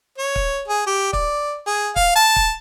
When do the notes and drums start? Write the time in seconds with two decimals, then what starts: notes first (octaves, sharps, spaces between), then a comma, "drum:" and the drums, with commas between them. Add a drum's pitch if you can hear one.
0.18 C#5
0.36 drum: kick
0.68 G#4
0.87 G4
1.13 D5, drum: kick
1.67 G#4
1.96 F5, drum: kick
2.16 A5
2.36 drum: kick